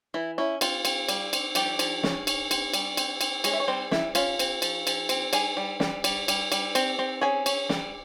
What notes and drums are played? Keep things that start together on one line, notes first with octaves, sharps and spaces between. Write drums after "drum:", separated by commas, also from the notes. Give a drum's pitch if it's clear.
E3 E4
C#4 E4
C4 F4, drum: cymbal
C4, drum: cymbal
G3, drum: cymbal
C4, drum: cymbal
F3 G3 G4, drum: cymbal
F3, drum: cymbal
C#4, drum: snare
C#4, drum: cymbal
C4, drum: cymbal
G3, drum: cymbal
C4, drum: cymbal
C4, drum: cymbal
G#3 C#4 G#4, drum: cymbal
E5
C#5
G3 C4 C5
G3 E4 E5, drum: snare
C#4 F4 F5, drum: cymbal
C4, drum: cymbal
F3, drum: cymbal
F3, drum: cymbal
C4, drum: cymbal
G3 G#4 G#5, drum: cymbal
G3
G3, drum: snare
G3, drum: cymbal
G3, drum: cymbal
G3, drum: cymbal
C4, drum: cymbal
C4
C#4 G#4 G#5
C#4, drum: cymbal
G3, drum: snare